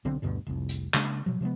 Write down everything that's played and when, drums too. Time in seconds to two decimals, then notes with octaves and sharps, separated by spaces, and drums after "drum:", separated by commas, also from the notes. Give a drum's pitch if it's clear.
0.05 B1 D3 C4
0.22 D2 G2 B2 D3
0.47 F1 C2
0.69 drum: hi-hat
0.94 C#3 G#3 A#3 D4, drum: clap
1.26 B2 F3 F#3
1.41 C3 F3 G#3 B3